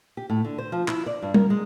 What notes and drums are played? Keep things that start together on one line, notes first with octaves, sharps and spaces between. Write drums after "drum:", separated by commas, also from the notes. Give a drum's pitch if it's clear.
G4
A2
D3
C5
F3
E4, drum: clap
D5
G2
A#4, drum: tom G3
G#3